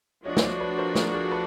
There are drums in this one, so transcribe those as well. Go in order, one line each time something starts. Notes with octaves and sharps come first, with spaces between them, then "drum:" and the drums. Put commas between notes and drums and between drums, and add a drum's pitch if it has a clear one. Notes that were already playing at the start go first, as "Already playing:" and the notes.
F3 A3 D4 F#4 C#5 D#5
C#5, drum: snare
C5 D5
B4 C#5
A#4 C5
G#4 A#4, drum: snare
G#4 A#4
A4 B4